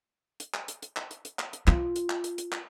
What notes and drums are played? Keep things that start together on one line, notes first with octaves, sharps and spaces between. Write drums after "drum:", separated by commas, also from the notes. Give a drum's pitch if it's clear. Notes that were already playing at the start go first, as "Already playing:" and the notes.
drum: hi-hat
drum: clap
drum: hi-hat
drum: hi-hat
drum: clap
drum: hi-hat
drum: hi-hat
drum: clap
drum: hi-hat
F4, drum: clap
drum: hi-hat
drum: clap
drum: hi-hat
drum: hi-hat
drum: clap